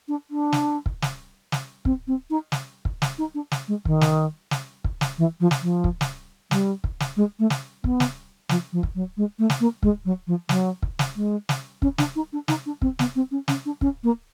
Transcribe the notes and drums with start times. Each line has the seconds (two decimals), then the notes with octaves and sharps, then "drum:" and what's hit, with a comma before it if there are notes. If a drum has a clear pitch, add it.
0.08 D4
0.31 D4
0.53 drum: snare
0.86 drum: kick
1.02 drum: snare
1.52 drum: snare
1.85 C4, drum: kick
2.07 C4
2.30 D#4
2.52 drum: snare
2.85 drum: kick
3.02 drum: snare
3.18 D#4
3.34 D4
3.52 drum: snare
3.68 G#3
3.85 D#3, drum: kick
4.01 drum: snare
4.51 drum: snare
4.84 drum: kick
5.01 drum: snare
5.18 E3
5.40 F3
5.51 drum: snare
5.62 F3
5.84 drum: kick
6.01 drum: snare
6.51 G3, drum: snare
6.84 drum: kick
7.00 drum: snare
7.16 G#3
7.39 A3
7.50 drum: snare
7.84 B3, drum: kick
8.00 drum: snare
8.49 F3, drum: snare
8.72 F3
8.83 drum: kick
8.95 F#3
9.17 G#3
9.39 A3
9.50 drum: snare
9.60 A#3
9.83 G#3, drum: kick
10.05 F#3
10.27 F3
10.49 F#3, drum: snare
10.83 drum: kick
10.99 drum: snare
11.16 G#3
11.49 drum: snare
11.82 C#4, drum: kick
11.98 D4, drum: snare
12.16 D#4
12.33 D4
12.48 D#4, drum: snare
12.66 D4
12.82 C4, drum: kick
12.99 B3, drum: snare
13.15 C4
13.31 C#4
13.48 C#4, drum: snare
13.65 D4
13.81 C#4, drum: kick
14.03 A#3